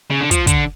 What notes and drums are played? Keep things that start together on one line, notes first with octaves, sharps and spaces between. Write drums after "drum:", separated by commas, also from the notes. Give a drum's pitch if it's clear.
C#3
D3
F3, drum: kick, hi-hat
D3, drum: kick, hi-hat